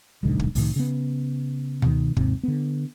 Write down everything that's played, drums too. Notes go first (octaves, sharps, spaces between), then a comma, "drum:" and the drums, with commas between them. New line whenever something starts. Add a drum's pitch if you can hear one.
D#1 B1 G#2 D3
drum: kick
C2 A2 D#3, drum: open hi-hat
C#3 B3
B2 D#3, drum: tom
D#2 G#2 C3, drum: kick
D3 B3